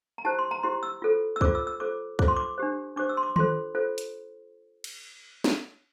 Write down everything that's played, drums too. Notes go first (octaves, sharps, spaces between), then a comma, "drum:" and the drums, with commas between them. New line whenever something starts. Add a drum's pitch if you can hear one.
A#5
E4 G4 C5 A5
C6
A#5
E4 G4 C5 C6
E6
F4 A4 C5
E6
F4 A4 C5 D6, drum: kick
E6
E6
F4 A4 C5 D6
F4 A4 C5 D6, drum: kick
C6
D6
D4 G4 C5
D4 G4 C5 D6
E6
C6
D6
F4 A4 C5 C6, drum: tom D#3
F4 A4 C5
drum: hi-hat
drum: cymbal
drum: snare